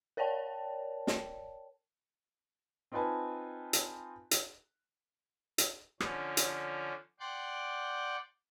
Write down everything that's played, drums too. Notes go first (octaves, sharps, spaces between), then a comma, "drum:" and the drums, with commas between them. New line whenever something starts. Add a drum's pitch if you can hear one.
A#4 C#5 D5 G5 A5
drum: snare
C4 D#4 F4 B4 G#5 A5
drum: hi-hat
drum: hi-hat
drum: hi-hat
D3 F3 C#4, drum: rim click
drum: hi-hat
D5 F#5 G5 C6 D6